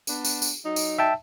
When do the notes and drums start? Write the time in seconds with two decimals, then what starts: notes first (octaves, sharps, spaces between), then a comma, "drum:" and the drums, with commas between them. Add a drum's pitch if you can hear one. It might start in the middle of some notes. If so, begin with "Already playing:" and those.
0.07 B3 D4, drum: tambourine
0.25 drum: tambourine
0.42 drum: tambourine
0.64 F#3 D#4
0.76 drum: tambourine
0.99 E5 G5 A5